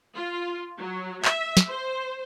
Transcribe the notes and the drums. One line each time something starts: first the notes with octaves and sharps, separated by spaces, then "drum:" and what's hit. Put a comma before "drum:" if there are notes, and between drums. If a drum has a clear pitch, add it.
F4
F#3
E5, drum: clap
drum: snare
C5